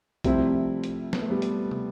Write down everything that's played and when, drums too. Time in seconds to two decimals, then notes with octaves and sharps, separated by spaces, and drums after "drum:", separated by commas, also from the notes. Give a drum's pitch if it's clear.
0.24 C3 F3 G3 A3 C4 E4, drum: kick A#1, hi-hat
0.84 drum: hi-hat
1.13 B3, drum: snare
1.22 A3
1.30 G3 B3
1.42 drum: hi-hat
1.71 drum: tom